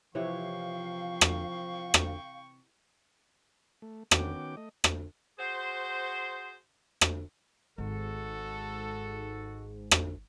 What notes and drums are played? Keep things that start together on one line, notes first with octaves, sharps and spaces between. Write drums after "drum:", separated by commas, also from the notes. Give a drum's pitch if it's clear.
C3 E3 F3 C#5 F5 G5 C#6
drum: rim click
drum: rim click
A3
D#3 B3 C#4 F#4 G5 D6, drum: rim click
A3 D#5
drum: rim click
F#4 G#4 C5
drum: rim click
G#1 G#2 F#4 A4
drum: rim click